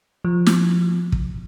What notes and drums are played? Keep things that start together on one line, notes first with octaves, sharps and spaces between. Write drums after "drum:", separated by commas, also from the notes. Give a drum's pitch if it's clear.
F3
drum: snare
drum: kick